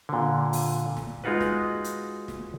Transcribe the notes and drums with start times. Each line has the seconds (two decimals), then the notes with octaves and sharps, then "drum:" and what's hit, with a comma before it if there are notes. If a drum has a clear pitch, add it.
0.09 A#2 D3
0.53 drum: open hi-hat
0.97 drum: snare
1.24 G#3 D#4 F4 F#4 B4
1.41 drum: snare
1.84 drum: hi-hat
2.28 drum: snare